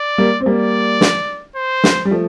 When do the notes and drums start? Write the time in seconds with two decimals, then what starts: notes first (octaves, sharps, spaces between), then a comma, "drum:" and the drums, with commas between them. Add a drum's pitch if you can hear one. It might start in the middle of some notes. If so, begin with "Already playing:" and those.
Already playing: D5
0.18 G3 A#3
0.40 C4
0.46 G3 A#3 D5
1.01 drum: snare
1.56 C5
1.84 drum: snare
2.05 G3
2.11 F3 A3